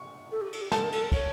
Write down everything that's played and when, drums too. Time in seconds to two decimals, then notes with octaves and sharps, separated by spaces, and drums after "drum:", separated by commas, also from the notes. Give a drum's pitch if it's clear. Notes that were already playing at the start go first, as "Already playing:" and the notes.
Already playing: C#6
0.32 A4
0.41 G4
0.53 A4, drum: cymbal
0.61 G4
0.72 A4 A5, drum: snare
0.83 A#4
0.92 A4, drum: cymbal
1.03 A#4
1.12 C#5, drum: kick, cymbal